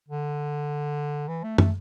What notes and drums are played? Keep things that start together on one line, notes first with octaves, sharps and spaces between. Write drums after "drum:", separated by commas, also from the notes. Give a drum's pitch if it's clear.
D3
E3
A3
A3, drum: tom